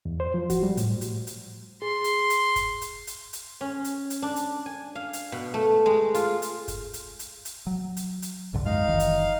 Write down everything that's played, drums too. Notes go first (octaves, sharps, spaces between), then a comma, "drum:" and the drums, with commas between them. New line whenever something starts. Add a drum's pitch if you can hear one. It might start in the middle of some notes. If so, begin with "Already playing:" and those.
E2
C5
F3
F#4, drum: kick, hi-hat
G3
A2, drum: hi-hat
drum: hi-hat
drum: hi-hat
G#4 C6
drum: hi-hat
drum: hi-hat
drum: kick, hi-hat
drum: hi-hat
drum: hi-hat
drum: hi-hat
C#4
drum: hi-hat
drum: hi-hat
D4
drum: hi-hat
G#5
F5
drum: hi-hat
B2
A3
G#3
F4, drum: hi-hat
drum: hi-hat
drum: kick, hi-hat
drum: hi-hat
drum: hi-hat
drum: hi-hat
F#3
drum: hi-hat
drum: hi-hat
C2 G#2 D3
F#2 G#3 D#4 F5 F6
F#1 D#3 E3
drum: hi-hat